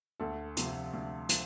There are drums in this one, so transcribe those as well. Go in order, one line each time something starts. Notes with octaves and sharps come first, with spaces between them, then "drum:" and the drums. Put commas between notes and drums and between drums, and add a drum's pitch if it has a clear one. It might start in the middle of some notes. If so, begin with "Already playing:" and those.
D2 A4
C3 F3, drum: hi-hat
D2
F3, drum: hi-hat